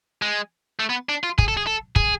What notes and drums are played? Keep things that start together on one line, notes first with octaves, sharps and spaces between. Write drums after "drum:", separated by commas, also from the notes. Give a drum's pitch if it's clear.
G#3
A3
B3
D4
F4
G#4, drum: kick
A4
G#4
A4
G#4, drum: kick